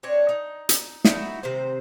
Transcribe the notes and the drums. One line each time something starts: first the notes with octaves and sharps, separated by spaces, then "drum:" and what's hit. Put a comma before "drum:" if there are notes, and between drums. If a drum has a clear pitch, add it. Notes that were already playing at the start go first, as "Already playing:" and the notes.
C4 D4 C#5
D#4
drum: hi-hat
D#4 E4 F#4 A4, drum: snare
C3 D#3 C4 C5